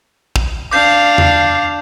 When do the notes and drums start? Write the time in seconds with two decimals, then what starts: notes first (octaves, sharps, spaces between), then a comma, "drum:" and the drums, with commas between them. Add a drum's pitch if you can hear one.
0.36 drum: kick
0.71 D4 F5 D6 G6
1.18 drum: tom E2